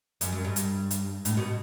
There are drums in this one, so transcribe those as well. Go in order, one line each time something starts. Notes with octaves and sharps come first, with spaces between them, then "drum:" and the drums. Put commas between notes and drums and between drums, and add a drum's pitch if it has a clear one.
F#2, drum: hi-hat
F#2
G2
drum: hi-hat
drum: hi-hat
A2, drum: hi-hat
B2